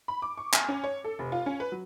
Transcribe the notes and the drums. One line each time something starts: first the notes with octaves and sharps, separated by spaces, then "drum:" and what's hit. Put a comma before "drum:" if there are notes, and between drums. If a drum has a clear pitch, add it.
B5
D6
C#6
G#5, drum: clap
C#4
C#5
A4
F1
F4
C#4
B4
F#3